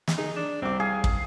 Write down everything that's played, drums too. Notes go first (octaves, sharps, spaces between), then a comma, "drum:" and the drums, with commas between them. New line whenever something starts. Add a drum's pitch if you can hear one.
drum: snare
D#4 G#4
D4
C2 C4 D6
G#4 F5
drum: kick